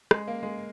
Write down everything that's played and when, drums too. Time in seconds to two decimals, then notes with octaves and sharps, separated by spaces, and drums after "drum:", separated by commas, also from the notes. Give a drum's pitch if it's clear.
0.11 G#3, drum: rim click
0.27 A#3
0.43 G#3